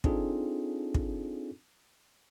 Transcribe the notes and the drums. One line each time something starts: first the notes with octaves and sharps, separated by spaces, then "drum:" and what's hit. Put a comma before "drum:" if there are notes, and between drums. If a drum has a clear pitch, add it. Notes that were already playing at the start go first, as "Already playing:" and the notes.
C4 D4 D#4 F4 G#4 A4, drum: kick
drum: kick